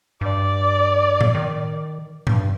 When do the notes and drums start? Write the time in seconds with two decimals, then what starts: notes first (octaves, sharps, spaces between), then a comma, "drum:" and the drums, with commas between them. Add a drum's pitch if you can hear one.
0.21 G2 D5
1.21 drum: tom A2
1.35 D#3
2.27 G2, drum: tom A2